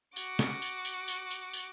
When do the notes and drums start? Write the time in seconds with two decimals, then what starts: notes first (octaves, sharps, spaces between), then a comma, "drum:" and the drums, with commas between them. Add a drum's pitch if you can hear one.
0.16 F#4 D6, drum: tambourine
0.39 drum: snare
0.62 drum: tambourine
0.85 drum: tambourine
1.08 drum: tambourine
1.31 drum: tambourine
1.53 drum: tambourine